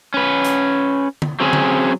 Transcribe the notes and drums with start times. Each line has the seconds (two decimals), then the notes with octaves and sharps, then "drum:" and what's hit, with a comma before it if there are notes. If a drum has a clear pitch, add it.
0.14 C#4 B4
0.45 drum: hi-hat
1.22 drum: tom D3
1.40 F#3 C4 C#4 G#4
1.53 drum: tom D3